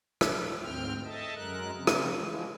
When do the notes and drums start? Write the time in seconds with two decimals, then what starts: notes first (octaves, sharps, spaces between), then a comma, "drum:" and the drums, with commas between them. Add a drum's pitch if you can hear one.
0.21 drum: rim click
0.63 D2 G#2 C4 G5 F6
1.04 A4 D#5 E5 A5
1.35 F#2 G#3 A#4 F#6
1.75 C#3 F3 C4
1.87 drum: rim click
2.15 E3 F3 G#3